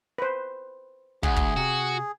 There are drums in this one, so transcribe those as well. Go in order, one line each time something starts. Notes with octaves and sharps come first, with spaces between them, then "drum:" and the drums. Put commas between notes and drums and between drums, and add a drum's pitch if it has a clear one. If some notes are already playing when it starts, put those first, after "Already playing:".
B4 C5
D2 G#4 F5 F#5, drum: kick
drum: kick
C3 F#4